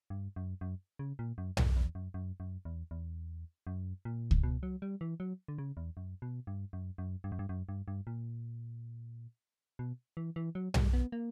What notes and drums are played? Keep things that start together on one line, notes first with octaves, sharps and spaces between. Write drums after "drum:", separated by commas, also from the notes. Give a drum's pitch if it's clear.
G2
F#2
F#2
C#3
A#2
F#2
E2, drum: tom B1
E2
F#2
F#2
F#2
E2
E2
F#2
A#2
drum: kick C#2
B2
F#3
G3
E3
F#3
D3
C#3
E2
F#2
B2
G2
F#2
F#2
G2
F#2
G2
F#2
G2
G2
A#2
B2
E3
E3
F#3
G3, drum: tom B1
B3
A#3